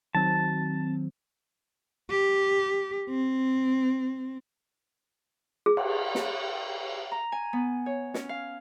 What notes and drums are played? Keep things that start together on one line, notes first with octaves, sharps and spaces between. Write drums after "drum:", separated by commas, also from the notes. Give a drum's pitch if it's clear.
D#3 F#3 C4 A5
G4
C4
G#4
drum: cymbal
drum: snare
A#5
G#5
B3
C#5
C#4, drum: snare
F5